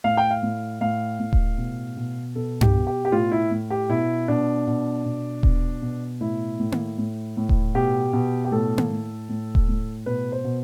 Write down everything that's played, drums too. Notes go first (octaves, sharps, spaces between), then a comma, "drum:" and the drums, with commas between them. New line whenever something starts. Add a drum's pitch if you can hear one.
A2 F5
G5
F5
A2
A2 F5
A2
drum: kick D#1
B2
B2
B2 A4
G4, drum: tom G2
B2
G4
G4
A2 F4
E4
A2
G4
B2 E4
B2 D4
B2
B2
B2, drum: kick D#1
B2
A2 E4
A2
drum: tom A#3
A2
A2
drum: kick D#1
B2 G4
B2
G4
A2 A4
drum: tom A#3
A2
A2
drum: kick D#1
A2
B2 B4
C5
B2